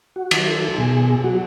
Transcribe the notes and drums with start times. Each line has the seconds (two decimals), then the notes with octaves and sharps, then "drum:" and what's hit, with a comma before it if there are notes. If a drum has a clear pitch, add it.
0.16 F#4
0.31 D#3 F#3, drum: cymbal
0.47 A4
0.78 B2 G#4
1.24 F#3 F#4